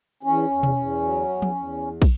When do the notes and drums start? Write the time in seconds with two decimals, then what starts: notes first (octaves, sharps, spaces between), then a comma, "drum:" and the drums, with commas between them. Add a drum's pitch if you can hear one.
0.23 E2 C#4
0.50 E2
0.63 drum: tom B2
0.76 E2
1.02 F#3
1.29 E2
1.42 drum: tom F3
1.55 E2
2.02 drum: kick, cymbal